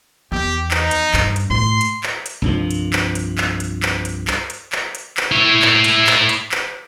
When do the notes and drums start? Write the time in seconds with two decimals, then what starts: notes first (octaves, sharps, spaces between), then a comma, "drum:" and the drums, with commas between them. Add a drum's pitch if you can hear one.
0.32 E2 G4
0.71 D#4, drum: clap
0.91 drum: hi-hat
1.14 G2, drum: clap
1.36 drum: hi-hat
1.50 A2 C6
1.81 drum: hi-hat
2.03 drum: clap
2.26 drum: hi-hat
2.42 C2 G2 F3
2.71 drum: hi-hat
2.93 drum: clap
3.15 drum: hi-hat
3.38 drum: clap
3.60 drum: hi-hat
3.83 drum: clap
4.05 drum: hi-hat
4.27 drum: clap
4.50 drum: hi-hat
4.72 drum: clap
4.95 drum: hi-hat
5.17 drum: clap
5.32 E4 C#5
5.62 drum: clap
5.84 drum: hi-hat
6.07 drum: clap
6.29 drum: hi-hat
6.52 drum: clap